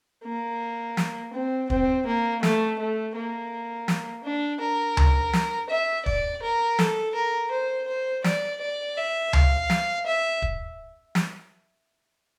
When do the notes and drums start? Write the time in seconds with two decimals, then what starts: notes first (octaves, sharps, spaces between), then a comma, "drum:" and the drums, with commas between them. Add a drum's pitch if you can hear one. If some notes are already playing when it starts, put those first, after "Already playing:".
0.25 A#3
0.97 drum: snare
1.33 C4
1.70 C4, drum: kick
2.06 A#3
2.43 A3, drum: snare
2.79 A3
3.15 A#3
3.88 drum: snare
4.24 D4
4.61 A#4
4.97 drum: tom C#2
5.33 drum: snare
5.70 E5
6.06 D5, drum: kick
6.43 A#4
6.79 A4, drum: snare
7.15 A#4
7.51 C5
7.88 C5
8.24 D5, drum: snare
8.61 D5
8.97 E5
9.33 F5, drum: tom C#2
9.70 drum: snare
10.06 E5
10.42 drum: kick
11.15 drum: snare